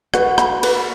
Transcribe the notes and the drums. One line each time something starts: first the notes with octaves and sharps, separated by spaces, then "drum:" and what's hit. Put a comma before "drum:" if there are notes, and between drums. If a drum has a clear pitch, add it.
F#4 B4 F#5, drum: rim click
B5, drum: rim click
B4, drum: cymbal